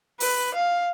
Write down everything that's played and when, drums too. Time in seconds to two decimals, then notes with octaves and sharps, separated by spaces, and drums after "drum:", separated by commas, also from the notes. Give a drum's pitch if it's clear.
0.20 B4, drum: open hi-hat
0.54 F5